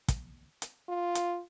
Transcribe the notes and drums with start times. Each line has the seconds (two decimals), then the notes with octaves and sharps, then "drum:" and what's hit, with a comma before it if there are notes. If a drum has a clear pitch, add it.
0.08 drum: kick, hi-hat
0.62 drum: hi-hat
0.89 F4
1.15 drum: hi-hat